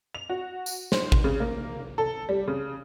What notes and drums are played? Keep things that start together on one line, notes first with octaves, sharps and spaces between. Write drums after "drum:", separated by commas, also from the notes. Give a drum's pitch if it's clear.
F7
F#4
drum: tambourine
C5, drum: snare
drum: kick
C#3
A#3
A4
G3
C#3